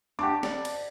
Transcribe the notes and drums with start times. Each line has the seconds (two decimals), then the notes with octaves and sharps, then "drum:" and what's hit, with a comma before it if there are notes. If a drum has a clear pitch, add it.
0.19 D4 G4 F#5 A5 D6
0.43 D5, drum: snare
0.65 drum: cymbal